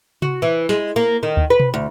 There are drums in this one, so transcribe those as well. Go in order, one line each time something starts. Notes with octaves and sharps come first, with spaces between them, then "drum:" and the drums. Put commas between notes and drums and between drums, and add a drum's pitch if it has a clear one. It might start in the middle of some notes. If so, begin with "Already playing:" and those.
F#4, drum: tom C3
E3
G#3, drum: snare
A#3
D#3
drum: kick D2
B4
drum: tom B2
D2